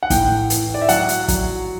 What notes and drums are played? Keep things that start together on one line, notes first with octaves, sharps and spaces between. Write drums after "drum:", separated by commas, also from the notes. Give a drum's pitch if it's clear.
F#5
A2 G5, drum: kick, hi-hat
E3, drum: hi-hat
D5
E5
F#3 F#5, drum: hi-hat
drum: hi-hat
F#3, drum: kick, hi-hat